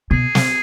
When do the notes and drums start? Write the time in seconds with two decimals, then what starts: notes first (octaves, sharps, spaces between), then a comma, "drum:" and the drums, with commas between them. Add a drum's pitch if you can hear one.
0.11 B2 G#4
0.35 drum: snare